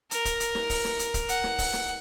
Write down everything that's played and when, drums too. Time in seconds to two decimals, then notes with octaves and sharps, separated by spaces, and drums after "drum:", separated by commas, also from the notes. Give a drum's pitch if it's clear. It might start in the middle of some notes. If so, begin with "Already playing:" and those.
0.11 A#4, drum: hi-hat
0.25 drum: kick, hi-hat
0.40 drum: hi-hat
0.55 drum: snare
0.70 drum: kick, open hi-hat
0.84 drum: snare
0.99 drum: hi-hat
1.14 drum: kick, hi-hat
1.29 F#5, drum: hi-hat
1.44 drum: snare
1.58 drum: kick, open hi-hat
1.73 drum: snare